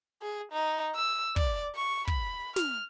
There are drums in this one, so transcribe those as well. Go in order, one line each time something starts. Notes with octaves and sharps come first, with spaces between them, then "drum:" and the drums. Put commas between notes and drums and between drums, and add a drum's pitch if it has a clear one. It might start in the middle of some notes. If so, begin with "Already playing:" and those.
G#4
D#4
E6
D5, drum: kick
C#6
B5, drum: kick
F6, drum: snare